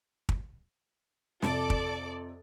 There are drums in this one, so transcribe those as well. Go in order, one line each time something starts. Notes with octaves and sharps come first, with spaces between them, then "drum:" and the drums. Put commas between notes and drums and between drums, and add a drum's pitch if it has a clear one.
drum: kick
F2 C3 A4 D5 D6, drum: snare
drum: kick